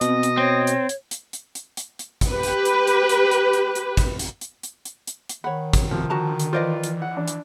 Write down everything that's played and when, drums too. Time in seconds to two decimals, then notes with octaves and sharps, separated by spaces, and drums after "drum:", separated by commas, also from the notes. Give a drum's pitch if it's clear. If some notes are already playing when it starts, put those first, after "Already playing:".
0.01 B2 C4 D#5, drum: hi-hat
0.23 drum: hi-hat
0.37 C4 C#5
0.67 drum: hi-hat
0.89 drum: hi-hat
1.11 drum: hi-hat
1.33 drum: hi-hat
1.55 drum: hi-hat
1.77 drum: hi-hat
1.99 drum: hi-hat
2.21 drum: kick, hi-hat
2.31 G4 B4
2.43 drum: hi-hat
2.65 drum: hi-hat
2.87 drum: hi-hat
3.09 drum: hi-hat
3.31 drum: hi-hat
3.53 drum: hi-hat
3.75 drum: hi-hat
3.97 drum: kick, hi-hat
4.19 drum: hi-hat
4.41 drum: hi-hat
4.63 drum: hi-hat
4.85 drum: hi-hat
5.07 drum: hi-hat
5.29 drum: hi-hat
5.44 D#3 C#5 F#5 B5
5.73 drum: kick, hi-hat
5.91 C3 F3
6.10 D3 F#4 A5 A#5
6.39 drum: hi-hat
6.53 E3 F4 B4 C5 D5 D#5
6.84 drum: hi-hat
7.02 F#5
7.17 D4
7.28 drum: hi-hat